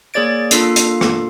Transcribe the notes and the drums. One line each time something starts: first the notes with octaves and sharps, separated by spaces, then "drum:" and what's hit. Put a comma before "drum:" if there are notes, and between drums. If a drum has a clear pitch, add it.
A#3 G#4 C#5 D5 A6 D7
A#3 D4 F4 A4 C7, drum: hi-hat
drum: hi-hat
drum: rim click